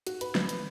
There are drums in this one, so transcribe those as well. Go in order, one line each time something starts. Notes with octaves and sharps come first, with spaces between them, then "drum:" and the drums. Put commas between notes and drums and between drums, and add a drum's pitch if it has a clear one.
F#4, drum: hi-hat
B4, drum: hi-hat
B4, drum: snare
drum: hi-hat